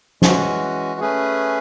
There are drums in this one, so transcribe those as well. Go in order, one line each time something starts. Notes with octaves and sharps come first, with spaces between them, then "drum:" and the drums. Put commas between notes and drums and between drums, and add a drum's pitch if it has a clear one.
E3 G#3 C#4 F#4, drum: snare
A3 C#4 G#4 B4